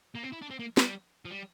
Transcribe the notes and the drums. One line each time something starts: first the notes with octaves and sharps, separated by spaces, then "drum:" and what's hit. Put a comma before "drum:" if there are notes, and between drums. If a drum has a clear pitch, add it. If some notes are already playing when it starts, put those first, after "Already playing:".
A#3
C4
E4
D4
C4
A#3
G3, drum: snare
F3
G3